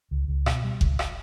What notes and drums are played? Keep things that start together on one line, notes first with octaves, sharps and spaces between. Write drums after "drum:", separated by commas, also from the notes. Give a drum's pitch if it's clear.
C#2
C#2
B2, drum: rim click
G3
C#2, drum: kick F#1
drum: rim click